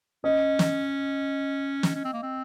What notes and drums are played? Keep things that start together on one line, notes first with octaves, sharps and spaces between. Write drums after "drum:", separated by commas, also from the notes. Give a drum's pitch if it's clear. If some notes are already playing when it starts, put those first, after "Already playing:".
C#4 D#5
drum: snare
drum: snare
C#4
C4
A#3
C4